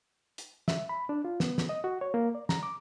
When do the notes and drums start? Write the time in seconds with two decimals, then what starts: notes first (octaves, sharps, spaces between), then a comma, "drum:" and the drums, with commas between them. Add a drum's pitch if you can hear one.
0.38 drum: hi-hat
0.68 E5, drum: snare
0.89 B5
1.09 D4
1.25 F4
1.40 B3, drum: snare
1.58 drum: snare
1.69 D#5
1.84 F#4
2.01 C#5
2.14 A#3
2.35 D5
2.49 A#5, drum: snare
2.63 D6